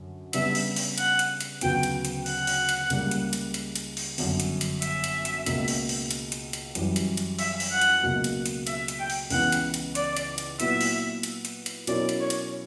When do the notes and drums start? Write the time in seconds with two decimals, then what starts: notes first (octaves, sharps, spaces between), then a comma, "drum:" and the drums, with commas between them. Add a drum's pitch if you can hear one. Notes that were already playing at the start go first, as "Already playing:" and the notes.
Already playing: F#2 D3
0.33 C#3 G3 B3 D4 G4 E5, drum: hi-hat
0.55 drum: open hi-hat
0.76 drum: open hi-hat
0.98 F#5, drum: hi-hat
1.19 drum: hi-hat
1.40 drum: hi-hat
1.61 D2 C#3 F#3 B3 G5, drum: hi-hat
1.83 drum: hi-hat
2.05 drum: hi-hat
2.26 F#5, drum: open hi-hat
2.47 drum: open hi-hat
2.69 drum: hi-hat
2.90 C#2 C#3 G3 A#3, drum: hi-hat
3.11 drum: hi-hat
3.33 drum: hi-hat
3.54 drum: hi-hat
3.76 drum: hi-hat
3.97 drum: open hi-hat
4.18 G1 F#2 D3, drum: open hi-hat
4.40 drum: hi-hat
4.61 drum: hi-hat
4.82 E5, drum: hi-hat
5.04 drum: hi-hat
5.25 drum: hi-hat
5.46 C#2 B2 A#3, drum: hi-hat
5.68 drum: open hi-hat
5.89 drum: open hi-hat
6.11 drum: hi-hat
6.32 drum: hi-hat
6.53 drum: hi-hat
6.75 F#2 E3 G3, drum: hi-hat
6.96 drum: hi-hat
7.17 drum: hi-hat
7.39 E5, drum: open hi-hat
7.60 drum: open hi-hat
7.71 F#5
7.81 drum: hi-hat
8.03 C#2 B2 F#3 A#3
8.24 drum: hi-hat
8.46 drum: hi-hat
8.67 E5, drum: hi-hat
8.88 drum: hi-hat
8.99 G5
9.10 drum: open hi-hat
9.30 C#2 C#3 E3 B3 F#5, drum: open hi-hat
9.52 drum: hi-hat
9.74 drum: hi-hat
9.95 D5, drum: hi-hat
10.16 drum: hi-hat
10.38 drum: hi-hat
10.60 A#2 F#3 B3 E4 B4 E5, drum: hi-hat
10.81 drum: open hi-hat
11.23 drum: hi-hat
11.45 drum: hi-hat
11.66 drum: hi-hat
11.87 B2 F#3 C#4 E4 A#4 D5, drum: hi-hat
12.09 drum: hi-hat
12.20 C#5
12.30 drum: hi-hat